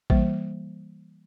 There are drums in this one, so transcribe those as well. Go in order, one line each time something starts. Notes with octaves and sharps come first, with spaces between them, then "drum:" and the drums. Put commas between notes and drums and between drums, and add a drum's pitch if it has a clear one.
E3 G3 A#3 C5, drum: kick